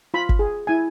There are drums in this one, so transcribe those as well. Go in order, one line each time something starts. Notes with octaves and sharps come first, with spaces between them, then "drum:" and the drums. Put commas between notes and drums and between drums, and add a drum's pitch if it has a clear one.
F4 B5
drum: kick G1
G#4
E4 G#5